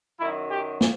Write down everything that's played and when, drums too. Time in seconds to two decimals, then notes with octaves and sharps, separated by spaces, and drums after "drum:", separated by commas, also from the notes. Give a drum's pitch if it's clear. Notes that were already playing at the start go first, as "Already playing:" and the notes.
0.18 F#2 D#3 F#3 E4
0.50 G4
0.81 drum: snare